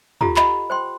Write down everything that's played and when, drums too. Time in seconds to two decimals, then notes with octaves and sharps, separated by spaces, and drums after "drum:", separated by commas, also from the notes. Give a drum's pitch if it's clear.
0.21 F4 G4 A4 A#5, drum: tom
0.36 D#5 F#5 B5, drum: clap
0.70 C5 G5 C6